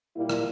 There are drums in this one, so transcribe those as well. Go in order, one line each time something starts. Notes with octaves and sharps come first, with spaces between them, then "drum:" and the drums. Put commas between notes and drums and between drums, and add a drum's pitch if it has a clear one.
A#2 G3 A#3 E4
drum: rim click